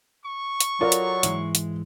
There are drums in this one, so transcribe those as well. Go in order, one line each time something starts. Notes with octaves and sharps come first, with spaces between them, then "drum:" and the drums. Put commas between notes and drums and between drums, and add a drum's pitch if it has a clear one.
C#6
drum: hi-hat
F#3 F4 A4 A#4 D5 A#5
drum: hi-hat
G#2 E3 G#3 E4, drum: hi-hat
drum: hi-hat